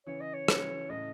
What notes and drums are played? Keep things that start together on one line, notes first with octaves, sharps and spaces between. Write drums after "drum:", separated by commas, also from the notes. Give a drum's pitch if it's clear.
C#3 E3 C#5
D#5
C#5
C#3 E3, drum: rim click
A2 C#3 D#5